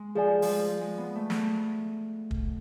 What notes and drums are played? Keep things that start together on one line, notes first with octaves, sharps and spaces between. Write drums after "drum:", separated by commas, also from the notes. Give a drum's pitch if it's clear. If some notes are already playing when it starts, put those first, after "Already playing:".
Already playing: G#3
F3 G#4 D5 G#5
F3, drum: open hi-hat
G#3
G#3
B3
A3
drum: snare
drum: kick